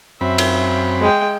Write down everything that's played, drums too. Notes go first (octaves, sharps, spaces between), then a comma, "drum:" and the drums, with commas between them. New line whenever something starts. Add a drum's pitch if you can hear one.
F#2 C4 E5 B5
drum: cymbal
G#3 G5